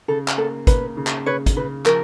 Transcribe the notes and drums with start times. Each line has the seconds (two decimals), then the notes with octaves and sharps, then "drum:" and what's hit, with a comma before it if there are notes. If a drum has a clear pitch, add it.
0.08 C#3 A4
0.28 drum: clap
0.38 A#3 A4
0.67 A#3 B4, drum: kick, hi-hat
0.97 C#3
1.07 drum: clap
1.26 C#3 B4 C#5
1.46 drum: kick, hi-hat
1.57 C#3 B4
1.86 F3 A#4, drum: clap